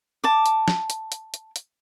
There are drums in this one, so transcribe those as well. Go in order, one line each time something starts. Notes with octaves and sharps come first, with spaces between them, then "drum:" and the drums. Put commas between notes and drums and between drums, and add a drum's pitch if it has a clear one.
A5 D6
drum: hi-hat
drum: snare
drum: hi-hat
drum: hi-hat
drum: hi-hat
drum: hi-hat